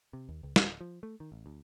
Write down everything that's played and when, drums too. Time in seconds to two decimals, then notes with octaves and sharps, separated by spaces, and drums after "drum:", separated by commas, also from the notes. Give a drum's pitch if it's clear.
0.13 C3
0.29 D#2
0.43 C#2
0.56 D1, drum: snare
0.81 F3
1.03 A3
1.20 D#3
1.32 A1
1.46 D2